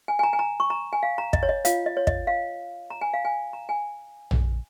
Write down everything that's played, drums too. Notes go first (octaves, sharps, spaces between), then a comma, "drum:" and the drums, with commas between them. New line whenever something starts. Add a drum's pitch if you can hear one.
G#5
G#5
A#5
G#5
A#5
C#6
A#5
G#5
F5
A#5
D#5, drum: kick
C#5
D#5
F4 C#5 F5, drum: hi-hat
D#5
C#5
D#5, drum: kick
F5
A#5
G#5
F5
G#5
A#5
G#5
drum: tom A#1